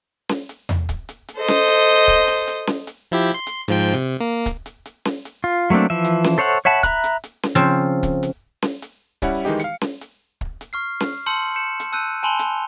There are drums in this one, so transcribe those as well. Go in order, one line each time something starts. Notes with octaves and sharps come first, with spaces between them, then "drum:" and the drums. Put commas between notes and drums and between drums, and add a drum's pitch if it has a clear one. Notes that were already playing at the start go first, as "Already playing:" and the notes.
drum: snare C#4
drum: hi-hat
drum: tom E2
drum: kick, hi-hat
drum: hi-hat
drum: hi-hat
A4 C5 D#5
drum: snare C#4
drum: hi-hat
drum: kick, hi-hat
drum: hi-hat
drum: hi-hat
drum: snare C#4
drum: hi-hat
F3 E4 G4
C6
drum: hi-hat
G#2 F3 G5, drum: hi-hat
C3
A#3
drum: kick, hi-hat
drum: hi-hat
drum: hi-hat
drum: snare C#4
drum: hi-hat
F4
F#3 A3 A#3 C4 D4
E3 F3 E5
drum: hi-hat
drum: snare C#4
A4 C5 C#5 E5 F#5
C#5 E5 F#5 A5 B5
E5 A#5 B5 F#6, drum: kick, hi-hat
drum: hi-hat
drum: hi-hat
drum: snare C#4
C#3 F3 C4
drum: kick, hi-hat
drum: hi-hat
drum: snare C#4
drum: hi-hat
G3 C#4 E4 F#5, drum: kick, hi-hat
D#3 E3 G#3 D#4 G4
F5 C#7, drum: hi-hat
drum: snare C#4
drum: hi-hat
drum: kick
drum: hi-hat
C#6 F6 C7
drum: snare C#4
A5 C6 E6 G6 C#7 F#7
G6 C#7 E7
drum: hi-hat
A5 E6 F#6 G6 D#7
G#5 A5 B5 C6 F7 G7
drum: hi-hat